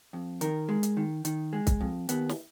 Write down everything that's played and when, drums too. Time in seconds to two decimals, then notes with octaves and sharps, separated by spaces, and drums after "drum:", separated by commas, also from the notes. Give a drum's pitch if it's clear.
0.13 F2
0.41 D#3 A#4, drum: hi-hat
0.69 G#3
0.83 drum: hi-hat
0.97 D#3
1.25 D#3, drum: hi-hat
1.53 G#3
1.67 drum: kick, hi-hat
1.81 F2
2.09 D#2 B3, drum: hi-hat
2.29 drum: snare